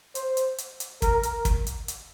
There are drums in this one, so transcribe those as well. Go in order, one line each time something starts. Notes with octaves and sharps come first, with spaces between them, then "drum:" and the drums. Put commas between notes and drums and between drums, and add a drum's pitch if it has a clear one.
C5, drum: hi-hat
drum: hi-hat
drum: hi-hat
drum: hi-hat
A#4, drum: kick, hi-hat
drum: hi-hat
drum: kick, hi-hat
drum: hi-hat
drum: hi-hat